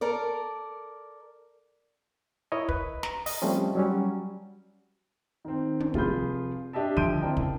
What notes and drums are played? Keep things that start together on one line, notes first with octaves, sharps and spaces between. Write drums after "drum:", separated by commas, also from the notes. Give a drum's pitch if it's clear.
A4 A#4 D5
E4 A#4 C#5 D#5
B4, drum: kick
A#5, drum: snare
D#5, drum: open hi-hat
F3 G3 A3 C4 C#4
F#3 G3 C#4
D#3 C4
drum: tom
F1 F4 G#4 B5 G6, drum: kick
D4 G4 D#5 E5 A5
D2 F3 C6 G6 D7 D#7, drum: kick
C4 E4 A#4 D5 G5 A5
C#2, drum: kick